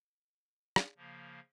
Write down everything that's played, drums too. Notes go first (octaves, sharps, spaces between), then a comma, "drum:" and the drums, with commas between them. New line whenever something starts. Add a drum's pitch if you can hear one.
drum: rim click
C#3 F3 A#3